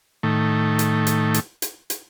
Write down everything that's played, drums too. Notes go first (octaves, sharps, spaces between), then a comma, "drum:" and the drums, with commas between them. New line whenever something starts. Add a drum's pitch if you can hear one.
A2 D#3 A3
drum: hi-hat
drum: hi-hat
drum: hi-hat
drum: hi-hat
drum: hi-hat